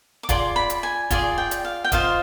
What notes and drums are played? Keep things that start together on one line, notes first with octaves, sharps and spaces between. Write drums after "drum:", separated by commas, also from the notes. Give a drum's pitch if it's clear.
D6
F4 G#4 D5 C6, drum: kick D1, hi-hat
B5
drum: hi-hat
G#5
F4 G#4 D5 G#5, drum: kick D1, hi-hat
G5
drum: hi-hat
F5
G5
F4 C5 D#5 F5, drum: kick D1, hi-hat